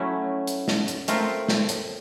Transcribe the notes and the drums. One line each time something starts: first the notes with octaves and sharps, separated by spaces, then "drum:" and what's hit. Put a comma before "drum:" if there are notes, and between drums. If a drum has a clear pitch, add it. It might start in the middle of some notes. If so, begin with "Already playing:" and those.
Already playing: F#3 A3 C#4 E4
drum: hi-hat
drum: snare
drum: hi-hat
A3 C4 F4 A#4, drum: hi-hat
drum: snare
drum: hi-hat